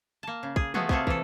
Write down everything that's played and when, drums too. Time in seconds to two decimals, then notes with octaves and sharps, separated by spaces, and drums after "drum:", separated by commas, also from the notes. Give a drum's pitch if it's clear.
0.23 A#3 A5
0.43 C#3
0.56 G#4, drum: kick
0.74 A3 B3 F4 F#4 G#4, drum: tom
0.89 C3 A3 A#3 F4 G#4 A4, drum: kick
1.07 E3 A4, drum: kick